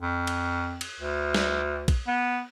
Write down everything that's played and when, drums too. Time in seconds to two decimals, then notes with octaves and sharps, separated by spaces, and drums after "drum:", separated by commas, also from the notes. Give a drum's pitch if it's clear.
0.01 F2
0.27 drum: cymbal
0.81 drum: cymbal
1.00 D2
1.34 drum: snare
1.88 drum: kick A#1, cymbal
2.07 B3